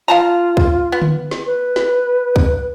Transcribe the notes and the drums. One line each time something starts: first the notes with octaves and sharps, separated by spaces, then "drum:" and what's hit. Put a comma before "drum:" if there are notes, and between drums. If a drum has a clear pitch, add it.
F4 F5 A5 A#5
drum: kick
B3
drum: tom D3
drum: snare
B4
drum: snare
drum: kick